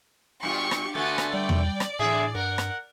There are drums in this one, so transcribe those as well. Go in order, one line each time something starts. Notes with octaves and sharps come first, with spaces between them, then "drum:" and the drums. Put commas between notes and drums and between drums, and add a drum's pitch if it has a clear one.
G2 B2 F4 G4 D5 C#6
drum: rim click
D3 A3 B3 F#4 G#5 A6
drum: rim click
G3 D5 G5
drum: tom E2
drum: rim click
E2 A2 D3 G#4 E5
G2 A#4 F#5
drum: rim click